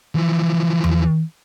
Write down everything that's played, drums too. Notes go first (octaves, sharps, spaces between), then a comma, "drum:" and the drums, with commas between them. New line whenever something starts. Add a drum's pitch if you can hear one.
E3 F3
drum: tom E2